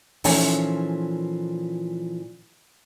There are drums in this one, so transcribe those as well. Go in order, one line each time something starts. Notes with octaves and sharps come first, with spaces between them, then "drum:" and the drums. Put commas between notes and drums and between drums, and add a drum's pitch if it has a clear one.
A#2 E3 F3 A3 C#4 D#4, drum: open hi-hat